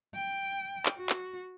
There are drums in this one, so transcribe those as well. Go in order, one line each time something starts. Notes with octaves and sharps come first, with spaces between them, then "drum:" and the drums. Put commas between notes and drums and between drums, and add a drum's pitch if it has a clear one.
G5
drum: clap
F#4
drum: clap